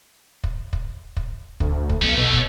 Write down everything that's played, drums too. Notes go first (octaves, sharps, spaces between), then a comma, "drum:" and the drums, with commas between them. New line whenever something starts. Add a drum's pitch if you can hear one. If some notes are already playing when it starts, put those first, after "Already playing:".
drum: kick
drum: kick
drum: kick
D2, drum: kick
drum: kick
B1 A3 C#4
B2
drum: kick